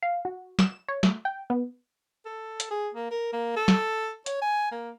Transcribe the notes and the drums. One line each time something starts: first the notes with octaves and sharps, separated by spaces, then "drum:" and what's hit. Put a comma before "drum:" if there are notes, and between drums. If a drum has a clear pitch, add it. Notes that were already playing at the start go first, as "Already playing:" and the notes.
F5
F#4
E7, drum: snare
C#5
A3, drum: snare
G5
B3
A4
drum: hi-hat
G#4
A#3
A#4
A#3
A4
drum: snare
C#5, drum: hi-hat
G#5
A#3